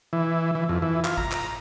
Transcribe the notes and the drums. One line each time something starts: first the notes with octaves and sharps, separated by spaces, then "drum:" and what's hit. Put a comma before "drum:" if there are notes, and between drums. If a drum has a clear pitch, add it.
E3
E3
F2
E3
F4, drum: clap
A#5, drum: kick G#1
drum: clap